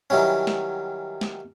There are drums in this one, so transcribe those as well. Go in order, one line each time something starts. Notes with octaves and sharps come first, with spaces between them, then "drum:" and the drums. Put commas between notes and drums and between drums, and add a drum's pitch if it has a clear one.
D#3 E3 F#3 G3 C#4
drum: snare
drum: snare